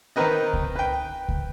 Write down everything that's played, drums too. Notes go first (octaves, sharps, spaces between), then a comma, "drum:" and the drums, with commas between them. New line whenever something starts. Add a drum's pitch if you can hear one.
D#3 C4 A#4 B4 D#5
drum: kick C#2
B4 G5
drum: kick C#2